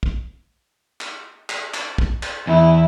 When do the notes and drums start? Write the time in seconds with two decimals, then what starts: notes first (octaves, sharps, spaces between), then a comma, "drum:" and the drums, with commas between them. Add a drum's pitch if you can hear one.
0.03 drum: kick
1.01 drum: clap
1.50 drum: clap
1.74 drum: clap
1.98 drum: kick
2.23 drum: clap
2.47 E2 E4